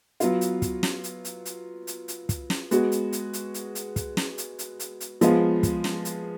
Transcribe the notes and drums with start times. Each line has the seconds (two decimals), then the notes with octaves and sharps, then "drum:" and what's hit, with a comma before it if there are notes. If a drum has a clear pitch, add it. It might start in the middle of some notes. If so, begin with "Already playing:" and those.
0.20 F#3 B3 F4, drum: hi-hat
0.41 drum: hi-hat
0.62 drum: kick, hi-hat
0.83 drum: snare
1.04 drum: hi-hat
1.25 drum: hi-hat
1.45 drum: hi-hat
1.87 drum: hi-hat
2.08 drum: hi-hat
2.29 drum: kick, hi-hat
2.50 drum: snare
2.71 G#3 B3 F#4, drum: hi-hat
2.92 drum: hi-hat
3.13 drum: hi-hat
3.33 drum: hi-hat
3.54 drum: hi-hat
3.75 drum: hi-hat
3.96 drum: kick, hi-hat
4.17 drum: snare
4.38 drum: hi-hat
4.59 drum: hi-hat
4.80 drum: hi-hat
5.00 drum: hi-hat
5.21 F3 G#3 B3 F4, drum: hi-hat
5.63 drum: kick, hi-hat
5.84 drum: snare
6.05 drum: hi-hat